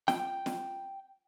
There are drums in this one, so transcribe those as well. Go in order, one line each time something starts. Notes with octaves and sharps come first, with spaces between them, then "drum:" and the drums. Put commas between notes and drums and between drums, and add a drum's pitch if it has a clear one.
G5, drum: snare
drum: snare